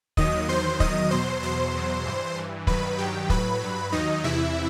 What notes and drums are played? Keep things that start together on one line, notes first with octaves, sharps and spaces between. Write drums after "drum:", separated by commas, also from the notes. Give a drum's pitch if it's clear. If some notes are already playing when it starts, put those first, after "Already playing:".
D#2 D#3 F#3 D#5 D#6, drum: kick
E2 D#3 F#3 C5 C6
E2 D#3 F#3 D#5 D#6, drum: kick
E2 B2 F#3 C5 C6
E2 B2 F#3 C5 C6
E2 B2 F#3
G2 E3
G2 E3
G2 D#3 F#3 B4 B5, drum: kick
G2 D#3 F#3 G4 G5
A2 F#3 B4 B5, drum: kick
G2 F#3
D#2 D#3 F#3 D#4 D#5
E2 C3 E3 E4 E5